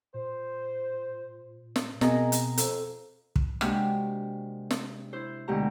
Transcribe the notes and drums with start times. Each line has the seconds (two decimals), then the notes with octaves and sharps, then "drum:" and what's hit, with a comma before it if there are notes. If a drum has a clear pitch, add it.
0.14 A#2 C5
1.76 drum: snare
2.01 B2 G#3 A#3 C4 G#4 A#5, drum: snare
2.32 drum: hi-hat
2.58 F2 A4, drum: hi-hat
3.36 drum: kick
3.61 C3 G#3 A#3 D4 F#4 G4, drum: rim click
4.71 drum: snare
5.13 E4 C5
5.48 D2 B2 D3 G#3 G4 A#5